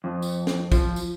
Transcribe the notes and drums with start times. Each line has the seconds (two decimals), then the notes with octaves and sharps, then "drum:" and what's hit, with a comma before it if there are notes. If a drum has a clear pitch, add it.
0.04 F2
0.22 drum: tambourine
0.47 drum: snare
0.72 F3, drum: kick, tambourine
0.96 drum: tambourine